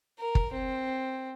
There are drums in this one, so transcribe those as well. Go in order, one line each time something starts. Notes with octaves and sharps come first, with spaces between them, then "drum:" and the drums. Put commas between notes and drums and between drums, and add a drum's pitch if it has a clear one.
A#4
drum: kick
C4